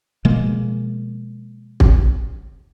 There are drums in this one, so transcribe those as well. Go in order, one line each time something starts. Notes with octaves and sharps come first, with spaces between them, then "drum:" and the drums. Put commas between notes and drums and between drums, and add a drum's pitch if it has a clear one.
B2 F3 G#3 A#3
drum: kick